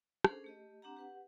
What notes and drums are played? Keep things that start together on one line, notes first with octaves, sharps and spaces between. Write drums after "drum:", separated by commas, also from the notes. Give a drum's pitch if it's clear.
C#4 D4 G#4 A4 C5, drum: rim click
A3 G4 D#5
C4 D4 G4 F#5 A#5
G4 B4 F#5